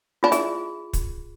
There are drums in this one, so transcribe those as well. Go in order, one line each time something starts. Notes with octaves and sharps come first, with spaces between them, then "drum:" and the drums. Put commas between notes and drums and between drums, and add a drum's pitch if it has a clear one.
D4 F4
E4 G#4, drum: hi-hat
drum: kick, hi-hat